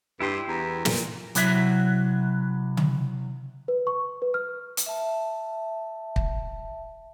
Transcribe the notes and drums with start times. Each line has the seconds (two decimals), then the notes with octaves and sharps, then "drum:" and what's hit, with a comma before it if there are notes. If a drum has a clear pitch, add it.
0.20 G2 E4 G4 C6
0.48 E2 A#5
0.85 A#2, drum: snare
1.35 C3 F#3 E4 F#4 C#5 E5, drum: hi-hat
2.77 drum: tom C#3
3.68 B4
3.87 C#6
4.22 B4
4.34 F6
4.77 drum: hi-hat
4.86 E5 A5
6.16 drum: kick